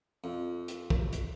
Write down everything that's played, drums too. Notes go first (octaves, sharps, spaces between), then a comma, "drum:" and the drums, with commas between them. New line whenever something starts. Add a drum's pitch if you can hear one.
F2
drum: hi-hat
drum: kick
drum: hi-hat